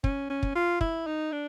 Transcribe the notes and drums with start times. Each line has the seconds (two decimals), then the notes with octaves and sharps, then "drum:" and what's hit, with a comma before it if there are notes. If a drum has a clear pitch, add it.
0.04 C#4, drum: kick
0.30 C#4
0.43 drum: kick
0.55 F4
0.81 E4, drum: kick
1.07 D#4
1.32 D4